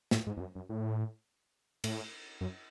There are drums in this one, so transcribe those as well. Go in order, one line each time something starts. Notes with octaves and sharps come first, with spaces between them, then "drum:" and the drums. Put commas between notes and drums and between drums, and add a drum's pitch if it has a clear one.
A2, drum: snare
G#2
E2
F#2
F#2
A2
A2, drum: cymbal
F#2